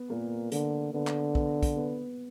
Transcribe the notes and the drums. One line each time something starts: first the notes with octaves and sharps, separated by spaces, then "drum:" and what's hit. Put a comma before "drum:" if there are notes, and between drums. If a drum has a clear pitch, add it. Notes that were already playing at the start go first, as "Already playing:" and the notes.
Already playing: B3
A#2 A#3
D3 A#3, drum: hi-hat
D3 B3
drum: clap
B3, drum: kick
drum: kick, hi-hat
B3